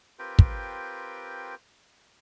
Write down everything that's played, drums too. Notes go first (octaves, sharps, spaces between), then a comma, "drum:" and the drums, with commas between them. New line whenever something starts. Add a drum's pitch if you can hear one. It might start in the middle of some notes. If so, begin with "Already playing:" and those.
C4 F4 G4 A#4 B4 G5
drum: kick